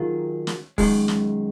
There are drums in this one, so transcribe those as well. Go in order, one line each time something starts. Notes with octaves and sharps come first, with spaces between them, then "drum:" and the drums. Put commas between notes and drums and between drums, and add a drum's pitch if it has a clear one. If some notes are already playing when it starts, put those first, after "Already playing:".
Already playing: D#3 F#3 A#3 F4 G#4
drum: snare
F#2 D#3 G#3, drum: kick, open hi-hat
drum: snare